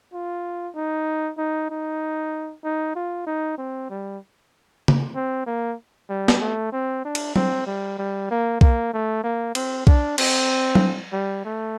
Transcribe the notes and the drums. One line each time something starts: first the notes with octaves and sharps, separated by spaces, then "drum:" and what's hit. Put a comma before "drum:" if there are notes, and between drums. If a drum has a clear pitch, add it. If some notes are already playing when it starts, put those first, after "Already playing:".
F4
D#4
D#4
D#4
D#4
F4
D#4
C4
G3
drum: tom C#3
C4
A#3
G3
drum: snare
A3
C4
D4
drum: cymbal
C4, drum: tom F#3
G3
G3
A#3
A#3, drum: kick B1
A3
A#3
C4, drum: cymbal
D4, drum: kick B1
C4, drum: cymbal
drum: tom F#3
G3
A3